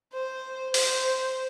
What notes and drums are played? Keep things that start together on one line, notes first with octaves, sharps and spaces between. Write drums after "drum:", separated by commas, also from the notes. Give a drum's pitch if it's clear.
C5
C5, drum: open hi-hat